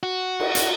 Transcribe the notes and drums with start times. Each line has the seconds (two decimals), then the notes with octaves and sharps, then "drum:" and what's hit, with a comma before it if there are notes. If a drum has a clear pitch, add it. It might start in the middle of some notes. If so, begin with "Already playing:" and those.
0.03 F#4
0.40 drum: cymbal
0.55 drum: hi-hat